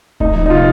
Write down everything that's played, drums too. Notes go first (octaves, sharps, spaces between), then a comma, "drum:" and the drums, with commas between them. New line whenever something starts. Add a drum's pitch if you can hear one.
A3 D#4, drum: kick D1
F3
D#4
C3 F4